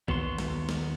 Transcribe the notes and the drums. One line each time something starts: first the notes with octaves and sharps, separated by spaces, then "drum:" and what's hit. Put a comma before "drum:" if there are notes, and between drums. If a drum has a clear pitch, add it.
D#2 B3 F#4 C6, drum: kick A#1
drum: snare
drum: snare